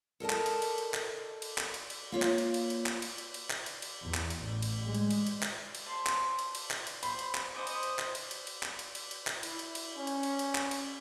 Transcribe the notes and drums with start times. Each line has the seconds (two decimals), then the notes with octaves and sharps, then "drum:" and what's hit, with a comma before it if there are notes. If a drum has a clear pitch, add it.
0.20 A4 A#4 D#5 A5
0.30 drum: clap
0.46 drum: cymbal
0.62 drum: cymbal
0.78 drum: cymbal
0.94 drum: clap
1.42 drum: cymbal
1.58 drum: clap
1.74 drum: cymbal
1.90 drum: cymbal
2.12 A#3 F4 C#5
2.22 drum: clap
2.38 drum: cymbal
2.54 drum: cymbal
2.70 drum: cymbal
2.86 drum: clap
3.02 drum: cymbal
3.18 drum: cymbal
3.34 drum: cymbal
3.50 drum: clap
3.66 drum: cymbal
3.82 drum: cymbal
4.03 E2
4.14 drum: clap
4.30 drum: cymbal
4.40 A1
4.62 drum: cymbal
4.84 G#3
4.94 drum: cymbal
5.11 drum: cymbal
5.27 drum: cymbal
5.43 drum: clap
5.75 drum: cymbal
5.86 C5 A5 C6
6.07 drum: clap
6.39 drum: cymbal
6.55 drum: cymbal
6.71 drum: clap
6.87 drum: cymbal
7.03 C5 B5, drum: cymbal
7.19 drum: cymbal
7.35 drum: clap
7.55 C5 D#5 F#5 G#5 D6
7.67 drum: cymbal
7.83 drum: cymbal
7.99 drum: clap
8.15 drum: cymbal
8.31 drum: cymbal
8.47 drum: cymbal
8.63 drum: clap
8.79 drum: cymbal
8.95 drum: cymbal
9.11 drum: cymbal
9.27 drum: clap
9.43 E4, drum: cymbal
9.59 drum: cymbal
9.75 drum: cymbal
9.97 C#4
10.07 drum: cymbal
10.23 drum: cymbal
10.39 drum: cymbal
10.55 drum: clap
10.71 drum: cymbal